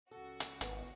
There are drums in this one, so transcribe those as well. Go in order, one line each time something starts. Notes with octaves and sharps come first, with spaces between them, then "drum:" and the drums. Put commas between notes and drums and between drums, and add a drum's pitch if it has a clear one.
C#2 F#4 A4
drum: hi-hat
G#1 D#3 E3 B3, drum: hi-hat